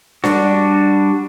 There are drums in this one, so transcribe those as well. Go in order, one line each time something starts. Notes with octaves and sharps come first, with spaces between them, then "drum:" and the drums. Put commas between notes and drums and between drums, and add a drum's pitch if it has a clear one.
G3 D4 F#4, drum: snare D4